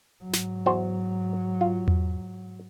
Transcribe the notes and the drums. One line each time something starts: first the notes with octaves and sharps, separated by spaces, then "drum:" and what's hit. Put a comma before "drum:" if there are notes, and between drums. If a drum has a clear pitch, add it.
G#2 F#3
drum: snare
E2 F#4 C5
F4
drum: tom E2